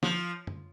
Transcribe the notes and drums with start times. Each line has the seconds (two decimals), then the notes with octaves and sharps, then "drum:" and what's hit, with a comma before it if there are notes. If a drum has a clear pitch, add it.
0.03 F3, drum: snare
0.47 drum: tom F#2